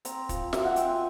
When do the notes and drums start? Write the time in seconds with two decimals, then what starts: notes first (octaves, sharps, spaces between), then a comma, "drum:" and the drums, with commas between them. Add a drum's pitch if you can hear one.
0.05 C4 A#5, drum: hi-hat
0.29 F3, drum: kick, hi-hat
0.53 F3 E5, drum: snare
0.65 F#5
0.76 C4 G5, drum: hi-hat
0.88 G#5